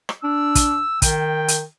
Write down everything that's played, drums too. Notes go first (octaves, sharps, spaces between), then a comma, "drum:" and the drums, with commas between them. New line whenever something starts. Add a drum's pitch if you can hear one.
drum: rim click
D4 E6
drum: kick, hi-hat
D#3 G5, drum: kick, hi-hat
drum: hi-hat